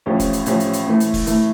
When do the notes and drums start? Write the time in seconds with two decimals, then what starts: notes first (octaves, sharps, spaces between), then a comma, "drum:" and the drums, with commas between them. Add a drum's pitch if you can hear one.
0.06 A1 A2 F3 C#4 G4
0.20 drum: kick, hi-hat
0.33 drum: hi-hat
0.46 A1 A2 F3 C#4 G4, drum: hi-hat
0.60 drum: hi-hat
0.73 drum: hi-hat
0.87 A2 E3 A3
1.00 drum: hi-hat
1.14 drum: kick, open hi-hat
1.27 A2 E3 A3, drum: hi-hat